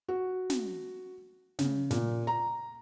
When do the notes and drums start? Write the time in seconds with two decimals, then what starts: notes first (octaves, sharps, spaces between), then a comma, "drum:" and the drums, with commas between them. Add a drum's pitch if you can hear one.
0.08 F#4
0.50 drum: snare
1.59 C#3, drum: snare
1.91 A#2, drum: snare
2.27 A#5